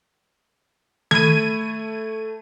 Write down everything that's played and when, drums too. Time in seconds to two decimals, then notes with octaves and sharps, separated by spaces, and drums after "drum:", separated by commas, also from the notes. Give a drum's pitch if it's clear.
1.11 A3 B5 G#6 D#7, drum: tom D#3